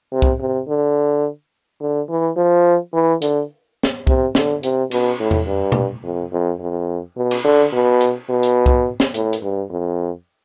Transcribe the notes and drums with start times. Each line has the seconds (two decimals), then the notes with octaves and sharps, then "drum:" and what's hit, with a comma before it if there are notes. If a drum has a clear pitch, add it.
0.12 C3
0.22 drum: kick C2
0.40 C3
0.68 D3
1.81 D3
2.09 E3
2.37 F3
2.94 E3
3.22 D3, drum: hi-hat
3.83 drum: snare
4.07 C3, drum: kick C2
4.35 D3, drum: snare
4.63 C3, drum: hi-hat
4.91 B2, drum: cymbal
5.20 A2
5.31 drum: tom E2
5.47 G2
5.72 drum: tom B2
6.03 F2
6.32 F2
6.60 F2
7.17 B2
7.31 drum: cymbal
7.44 D3
7.73 B2
8.01 drum: hi-hat
8.30 B2
8.43 drum: hi-hat
8.66 drum: kick C2
9.00 drum: snare
9.14 A2, drum: hi-hat
9.33 drum: hi-hat
9.42 G2
9.70 F2